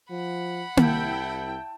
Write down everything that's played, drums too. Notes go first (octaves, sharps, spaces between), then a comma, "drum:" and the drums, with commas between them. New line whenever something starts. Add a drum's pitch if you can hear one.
F3 F#5 B5
C2 E4 G5 A5, drum: tom A#3